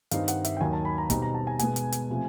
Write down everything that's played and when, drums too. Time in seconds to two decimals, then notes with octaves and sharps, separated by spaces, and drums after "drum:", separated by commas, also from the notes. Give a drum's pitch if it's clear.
0.11 G2 D#3 G3 C4 D#4 F5, drum: hi-hat
0.28 F#5, drum: hi-hat
0.45 E5, drum: hi-hat
0.57 G5
0.60 D#2 D#3 F#3 G#5
0.73 A5
0.85 B5
0.98 A#5
1.10 B2 G3 C4 D#4 A#5, drum: kick, hi-hat
1.22 A#5
1.35 A5
1.47 G#5
1.59 B2 G#3 B3 G#5, drum: hi-hat
1.76 drum: hi-hat
1.92 drum: hi-hat
2.10 C3 F3 A3